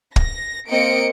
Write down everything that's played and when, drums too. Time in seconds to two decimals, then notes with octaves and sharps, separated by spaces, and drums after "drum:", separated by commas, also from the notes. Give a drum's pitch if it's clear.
0.16 A#6, drum: kick
0.69 A#3 C4 D#5 C#7 D7